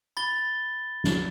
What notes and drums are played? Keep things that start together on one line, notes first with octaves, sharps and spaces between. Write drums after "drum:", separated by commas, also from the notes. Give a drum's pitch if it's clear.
B5 A6 G7
drum: snare